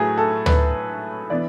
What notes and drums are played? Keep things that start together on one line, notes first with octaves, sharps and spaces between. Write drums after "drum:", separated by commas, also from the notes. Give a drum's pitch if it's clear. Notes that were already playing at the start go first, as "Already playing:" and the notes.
Already playing: A2 F#3 A3 G#4 B4
A4
B4, drum: tom D2
E3 B3 D5